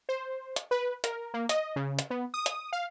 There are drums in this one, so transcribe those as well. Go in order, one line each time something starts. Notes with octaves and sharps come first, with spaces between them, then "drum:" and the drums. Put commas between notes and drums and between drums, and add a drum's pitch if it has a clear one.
C5
drum: hi-hat
B4
A#4, drum: hi-hat
A#3
D#5, drum: hi-hat
C#3
drum: hi-hat
B3
D#6
drum: hi-hat
F5